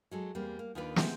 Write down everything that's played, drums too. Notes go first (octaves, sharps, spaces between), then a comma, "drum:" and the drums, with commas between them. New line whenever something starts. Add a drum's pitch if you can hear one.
F#3 G#3 A4
E2 G3 A#3 C4
A#3
D#2 D#3 D4 F4 B4 D5
G3 G#3 B3 C4 E5, drum: snare